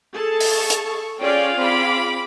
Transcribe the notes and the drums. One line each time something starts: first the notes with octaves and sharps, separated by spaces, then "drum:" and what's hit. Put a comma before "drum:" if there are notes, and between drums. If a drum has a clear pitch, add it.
G#4 A4 A5
drum: open hi-hat
C#6
drum: hi-hat
C#4 F4 G#4 D5 F5 G5
C4 B5 D6